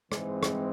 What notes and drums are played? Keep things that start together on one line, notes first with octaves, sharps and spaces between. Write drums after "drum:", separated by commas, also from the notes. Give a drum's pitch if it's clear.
G#2 E3 G#3 C4, drum: rim click
drum: rim click